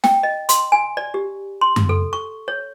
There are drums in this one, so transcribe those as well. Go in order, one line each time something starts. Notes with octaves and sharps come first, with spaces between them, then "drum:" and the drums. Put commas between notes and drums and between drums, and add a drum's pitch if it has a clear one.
G5, drum: snare
D#5
C6, drum: hi-hat
G#5
D5
G4
C6
drum: tom F#2
A4
C#6
C#5